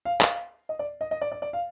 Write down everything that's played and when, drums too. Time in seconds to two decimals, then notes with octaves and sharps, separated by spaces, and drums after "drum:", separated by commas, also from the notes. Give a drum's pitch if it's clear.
0.05 F5
0.21 F5, drum: clap
0.69 D#5
0.79 D5
1.01 D#5
1.11 D#5
1.21 D5
1.32 D5
1.42 D5
1.53 F5